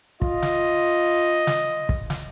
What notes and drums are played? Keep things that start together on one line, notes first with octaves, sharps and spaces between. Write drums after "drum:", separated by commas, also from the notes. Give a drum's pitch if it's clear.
F4 D#5, drum: kick
drum: snare
drum: snare
drum: kick
drum: snare